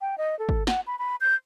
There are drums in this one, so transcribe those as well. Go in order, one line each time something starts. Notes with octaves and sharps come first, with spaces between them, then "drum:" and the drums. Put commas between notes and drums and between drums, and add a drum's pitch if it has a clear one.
G5
D#5
A4
drum: kick
F#5, drum: snare
B5
B5
G6